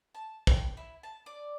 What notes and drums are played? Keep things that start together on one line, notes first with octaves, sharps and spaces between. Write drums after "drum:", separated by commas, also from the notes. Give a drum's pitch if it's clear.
A5
G5, drum: kick
E4
A5
D5